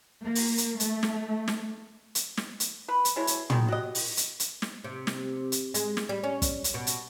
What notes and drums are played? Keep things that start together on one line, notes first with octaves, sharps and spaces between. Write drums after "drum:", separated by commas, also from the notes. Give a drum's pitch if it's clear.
A#3
drum: open hi-hat
drum: hi-hat
A3, drum: hi-hat
drum: snare
drum: snare
drum: hi-hat
drum: snare
drum: hi-hat
B4
drum: hi-hat
B2 G#3 E4 C#5
drum: hi-hat
D#3 G#3 G#4 C#6, drum: tom
F#4 G4 D#5
drum: open hi-hat
drum: hi-hat
drum: hi-hat
drum: snare
C3
drum: snare
drum: hi-hat
G#3, drum: hi-hat
drum: snare
G3
C#4
drum: kick, hi-hat
drum: hi-hat
B2
drum: hi-hat